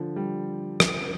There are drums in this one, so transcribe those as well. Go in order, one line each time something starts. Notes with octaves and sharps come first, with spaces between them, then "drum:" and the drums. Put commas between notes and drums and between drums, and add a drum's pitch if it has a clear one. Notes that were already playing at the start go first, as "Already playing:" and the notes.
Already playing: D3 F3
G3
drum: rim click